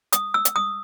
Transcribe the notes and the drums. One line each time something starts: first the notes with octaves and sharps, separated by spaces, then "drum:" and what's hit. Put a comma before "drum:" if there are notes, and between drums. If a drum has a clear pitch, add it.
D#6, drum: hi-hat
E6
drum: hi-hat
D#6